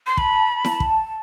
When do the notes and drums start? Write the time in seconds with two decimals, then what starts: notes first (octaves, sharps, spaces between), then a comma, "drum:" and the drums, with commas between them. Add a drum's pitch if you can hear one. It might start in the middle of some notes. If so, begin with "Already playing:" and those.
0.07 C6
0.17 A5 B5, drum: kick
0.64 drum: snare E4
0.80 drum: kick